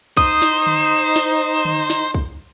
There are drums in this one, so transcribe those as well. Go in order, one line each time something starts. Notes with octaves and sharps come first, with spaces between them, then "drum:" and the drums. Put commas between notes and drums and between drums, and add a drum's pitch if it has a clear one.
D#4 C5 D#6, drum: kick
drum: snare
drum: tom D3
drum: snare
drum: tom D3
drum: snare
drum: kick